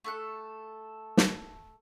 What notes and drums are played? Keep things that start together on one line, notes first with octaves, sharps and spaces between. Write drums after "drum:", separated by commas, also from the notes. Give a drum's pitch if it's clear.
A3 A4 F#6
drum: snare